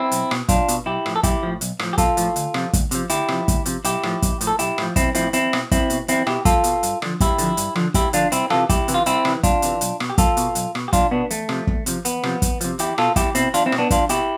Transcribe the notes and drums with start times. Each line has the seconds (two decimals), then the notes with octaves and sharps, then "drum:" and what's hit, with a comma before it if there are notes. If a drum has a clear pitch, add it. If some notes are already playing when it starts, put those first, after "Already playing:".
Already playing: C4 E4
0.12 B1, drum: hi-hat
0.31 B2, drum: rim click
0.49 B1 D4 F4, drum: kick, hi-hat
0.68 B2, drum: hi-hat
0.86 B1 E4 G4
1.06 A2 F3, drum: rim click
1.16 A4
1.23 B1 E4 G4, drum: kick, hi-hat
1.43 A2 F3
1.61 B1, drum: hi-hat
1.79 A2 F3, drum: rim click
1.93 G4
1.98 B1 F4 A4, drum: kick, hi-hat
2.17 A2 F3, drum: hi-hat
2.36 D2, drum: hi-hat
2.54 C3 F3, drum: rim click
2.73 D2, drum: kick, hi-hat
2.91 C3 F3, drum: hi-hat
3.09 D2 E4 G4, drum: hi-hat
3.28 C3 F3, drum: rim click
3.48 D2, drum: kick, hi-hat
3.66 C3 F3, drum: hi-hat
3.84 B1 E4 G4, drum: hi-hat
4.03 A2 F3, drum: rim click
4.22 B1, drum: kick, hi-hat
4.41 A2 F3, drum: hi-hat
4.47 A4
4.59 B1 E4 G4, drum: hi-hat
4.78 A2 F3, drum: rim click
4.96 B1 C4 E4, drum: kick, hi-hat
5.15 A2 F3 C4 E4, drum: hi-hat
5.33 E2 C4 E4, drum: hi-hat
5.53 B2, drum: rim click
5.71 E2 C4 E4, drum: kick, hi-hat
5.90 B2, drum: hi-hat
6.08 E2 C4 E4, drum: hi-hat
6.27 B2 E4 G4, drum: rim click
6.45 E2 F4 A4, drum: kick, hi-hat
6.64 B2, drum: hi-hat
6.83 G2, drum: hi-hat
7.02 D3 F3, drum: rim click
7.20 G2 E4 G4, drum: kick, hi-hat
7.38 D3 F3, drum: hi-hat
7.57 G2, drum: hi-hat
7.76 D3 F3, drum: rim click
7.94 G2 E4 G4, drum: kick, hi-hat
8.13 D3 F3 D4 F4, drum: hi-hat
8.32 C2 C4 E4, drum: hi-hat
8.50 C3 E3 F4 A4, drum: rim click
8.69 C2 E4 G4, drum: kick, hi-hat
8.88 C3 E3, drum: hi-hat
8.94 F4
9.06 C2 C4 E4, drum: hi-hat
9.25 C3 E3, drum: rim click
9.43 C2 D4 F4, drum: kick, hi-hat
9.62 C3 E3, drum: hi-hat
9.81 B1, drum: hi-hat
10.00 B2, drum: rim click
10.10 G4
10.18 B1 F4 A4, drum: kick, hi-hat
10.37 B2, drum: hi-hat
10.55 B1, drum: hi-hat
10.75 B2, drum: rim click
10.88 G4
10.93 B1 D4 F4, drum: kick, hi-hat
11.11 B2 B3 D4
11.30 E2 A3, drum: hi-hat
11.49 C3 F3, drum: rim click
11.67 E2, drum: kick
11.86 C3 F3, drum: hi-hat
12.05 E2 B3, drum: hi-hat
12.23 C3 F3, drum: rim click
12.42 E2, drum: kick, hi-hat
12.61 C3 F3, drum: hi-hat
12.79 E2 E4 G4, drum: hi-hat
12.98 B2 F4 A4, drum: rim click
13.16 E2 E4 G4, drum: kick, hi-hat
13.35 B2 C4 E4, drum: hi-hat
13.54 E2 D4 F4, drum: hi-hat
13.66 C4 E4
13.72 B2, drum: rim click
13.78 B3 D4
13.90 E2 D4 F4, drum: kick, hi-hat
14.09 B2 E4 G4, drum: hi-hat